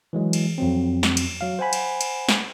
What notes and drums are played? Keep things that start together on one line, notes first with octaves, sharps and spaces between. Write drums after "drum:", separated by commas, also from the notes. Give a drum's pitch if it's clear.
E3 F#3 G#3
drum: cymbal
F2 F#3 C4
drum: snare
drum: cymbal
F#3 F5
C5 F#5 G#5 B5
drum: cymbal
drum: cymbal
drum: snare